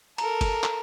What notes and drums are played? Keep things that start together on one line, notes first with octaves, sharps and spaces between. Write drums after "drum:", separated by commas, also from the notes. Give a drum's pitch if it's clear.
A4 A#4 A#5, drum: cymbal
drum: kick, cymbal
drum: clap